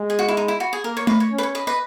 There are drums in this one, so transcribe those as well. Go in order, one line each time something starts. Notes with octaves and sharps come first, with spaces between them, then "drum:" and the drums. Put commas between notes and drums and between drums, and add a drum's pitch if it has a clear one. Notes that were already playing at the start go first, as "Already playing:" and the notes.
Already playing: G#3
G#4
F#4
E4
D#4
E4
F#4
G#4
A#3 A#4
C#5
B4 D#5, drum: tom A3
C#5
C#4
B4
C#5
B4 D#5
B4 D#5